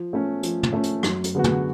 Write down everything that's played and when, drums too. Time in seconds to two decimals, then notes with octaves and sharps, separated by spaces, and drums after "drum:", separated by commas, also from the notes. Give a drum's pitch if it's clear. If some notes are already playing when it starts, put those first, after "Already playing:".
Already playing: F3
0.13 A3 C#4
0.43 F3, drum: hi-hat
0.63 drum: tom
0.73 A3 C#4
0.83 drum: hi-hat
1.03 F#2, drum: rim click
1.24 drum: hi-hat
1.35 D3 G#3 B3 F#4
1.44 drum: tom